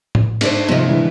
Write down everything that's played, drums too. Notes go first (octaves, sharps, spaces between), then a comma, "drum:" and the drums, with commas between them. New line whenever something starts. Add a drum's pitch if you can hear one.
drum: tom
G#2 A3 D4 C5, drum: cymbal
G#2 C3 D#3 F3
D3 E3 G#3